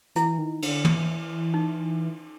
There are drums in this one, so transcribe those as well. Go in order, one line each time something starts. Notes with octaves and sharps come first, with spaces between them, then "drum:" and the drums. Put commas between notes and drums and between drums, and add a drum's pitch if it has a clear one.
E3 E4, drum: hi-hat
D#3
D3, drum: cymbal
E3, drum: tom
D#4